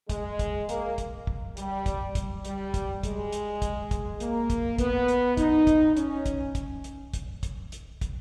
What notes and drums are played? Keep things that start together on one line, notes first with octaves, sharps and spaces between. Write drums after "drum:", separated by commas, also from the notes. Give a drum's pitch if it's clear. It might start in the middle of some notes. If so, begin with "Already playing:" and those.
G#3, drum: kick, hi-hat
drum: kick, hi-hat
A#3, drum: hi-hat
drum: kick, hi-hat
drum: kick
G3, drum: hi-hat
drum: kick, hi-hat
drum: kick, hi-hat
G3, drum: hi-hat
drum: kick, hi-hat
G#3, drum: kick, hi-hat
drum: hi-hat
drum: kick, hi-hat
drum: kick, hi-hat
A#3, drum: hi-hat
drum: kick, hi-hat
B3, drum: kick, hi-hat
drum: hi-hat
D#4, drum: kick, hi-hat
drum: kick, hi-hat
C#4, drum: hi-hat
drum: kick, hi-hat
drum: kick, hi-hat
drum: hi-hat
drum: kick, hi-hat
drum: kick, hi-hat
drum: hi-hat
drum: kick, hi-hat